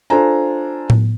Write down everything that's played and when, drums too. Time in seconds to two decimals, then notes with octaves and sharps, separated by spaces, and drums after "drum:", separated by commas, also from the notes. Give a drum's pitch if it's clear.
0.10 D4 F4 A4 C5 G#5 A#5
0.90 drum: tom A2